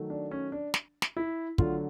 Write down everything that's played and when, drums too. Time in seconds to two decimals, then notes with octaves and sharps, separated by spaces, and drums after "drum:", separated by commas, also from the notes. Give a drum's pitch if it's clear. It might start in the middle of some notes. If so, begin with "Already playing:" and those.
Already playing: D#3 F#3 A3
0.10 D4
0.31 C#4
0.52 D4
0.74 drum: snare
1.02 drum: snare
1.17 E4
1.58 D3 F#3 A3 F4, drum: kick